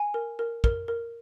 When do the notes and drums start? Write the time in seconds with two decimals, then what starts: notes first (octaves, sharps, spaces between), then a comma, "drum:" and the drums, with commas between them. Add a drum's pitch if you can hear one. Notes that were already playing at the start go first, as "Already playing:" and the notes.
Already playing: G#5
0.14 A#4
0.39 A#4
0.64 A#4, drum: kick
0.88 A#4